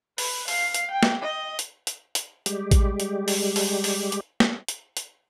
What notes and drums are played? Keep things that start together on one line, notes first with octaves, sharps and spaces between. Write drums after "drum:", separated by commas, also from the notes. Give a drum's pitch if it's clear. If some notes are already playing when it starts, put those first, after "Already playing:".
B4, drum: open hi-hat
F5, drum: open hi-hat
drum: hi-hat
G5
drum: snare
D#5
drum: hi-hat
drum: hi-hat
drum: hi-hat
G3 G#3 G4, drum: hi-hat
drum: kick A1, hi-hat
drum: hi-hat
drum: open hi-hat
drum: open hi-hat
drum: open hi-hat
drum: hi-hat
drum: snare
drum: hi-hat
drum: hi-hat